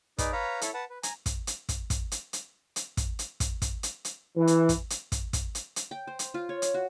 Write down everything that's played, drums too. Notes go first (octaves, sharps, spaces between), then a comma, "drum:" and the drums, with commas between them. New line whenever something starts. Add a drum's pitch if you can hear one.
D#4 G#4 B4 D5, drum: kick, hi-hat
B4 C#5 F5 A#5 B5
E4 A4 C#5, drum: hi-hat
B4 F#5 A5
B4
G#5 A#5, drum: hi-hat
drum: kick, hi-hat
drum: hi-hat
drum: kick, hi-hat
drum: kick, hi-hat
drum: hi-hat
drum: hi-hat
drum: hi-hat
drum: kick, hi-hat
drum: hi-hat
drum: kick, hi-hat
drum: kick, hi-hat
drum: hi-hat
drum: hi-hat
E3
drum: hi-hat
drum: kick, hi-hat
drum: hi-hat
drum: kick, hi-hat
drum: kick, hi-hat
drum: hi-hat
drum: hi-hat
G5
C5
drum: hi-hat
F4
C#5
drum: hi-hat
F#4